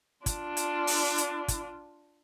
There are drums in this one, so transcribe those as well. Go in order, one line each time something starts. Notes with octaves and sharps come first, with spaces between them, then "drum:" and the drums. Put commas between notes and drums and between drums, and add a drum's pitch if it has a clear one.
D4 F4, drum: kick, hi-hat
drum: hi-hat
drum: open hi-hat
drum: hi-hat
drum: kick, hi-hat